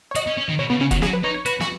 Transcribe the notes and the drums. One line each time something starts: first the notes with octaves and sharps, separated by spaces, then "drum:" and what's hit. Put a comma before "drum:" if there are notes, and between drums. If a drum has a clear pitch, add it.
C#5
F#4 D#5, drum: hi-hat
C#4
C#4
D#3
B2 C#5
C#3 B3
C#3 C#4
D#3 F#4, drum: kick E1, hi-hat
F#3 G#4, drum: snare
B4
D#4 C#5
C#5
F#4 B4, drum: hi-hat
F#4, drum: snare